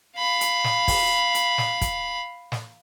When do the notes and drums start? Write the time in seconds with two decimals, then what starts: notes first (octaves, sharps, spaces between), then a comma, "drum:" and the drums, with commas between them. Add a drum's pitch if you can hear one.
0.17 F5 B5
0.41 drum: hi-hat
0.64 drum: snare
0.88 drum: kick, open hi-hat
1.35 drum: hi-hat
1.58 drum: snare
1.81 drum: kick, hi-hat
2.52 drum: snare